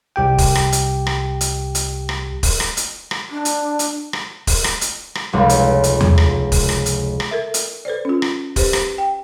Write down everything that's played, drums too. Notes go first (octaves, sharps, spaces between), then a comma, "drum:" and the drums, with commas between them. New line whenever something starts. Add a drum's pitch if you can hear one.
C2 G4 G5
drum: kick, open hi-hat
drum: rim click
drum: hi-hat
drum: rim click
drum: hi-hat
drum: hi-hat
drum: rim click
drum: kick, open hi-hat
drum: rim click
drum: hi-hat
drum: rim click
D4
drum: hi-hat
drum: hi-hat
drum: rim click
drum: kick, open hi-hat
drum: rim click
drum: hi-hat
drum: rim click
F1 C#2
drum: hi-hat
drum: hi-hat
drum: tom E2
drum: rim click
drum: kick, open hi-hat
drum: rim click
drum: hi-hat
drum: rim click
A4 A#4 E5
drum: hi-hat
A4 B4 C5 D5
C#4 F4
drum: rim click
G4 B4 C5, drum: kick, open hi-hat
drum: rim click
G5